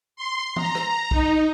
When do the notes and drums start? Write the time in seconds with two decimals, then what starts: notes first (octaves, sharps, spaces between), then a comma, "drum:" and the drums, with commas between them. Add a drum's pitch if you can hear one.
0.16 C6
0.56 A#5, drum: tom
0.75 drum: rim click
1.11 D#4, drum: kick